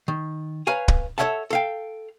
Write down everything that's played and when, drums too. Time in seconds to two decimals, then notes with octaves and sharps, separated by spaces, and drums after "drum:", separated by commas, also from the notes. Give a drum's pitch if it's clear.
0.08 D#3
0.67 B4 C#5 F5 G#5 A#5
0.88 drum: kick
1.18 A4 B4 C#5 E5 F#5 A5
1.50 A4 F5 G5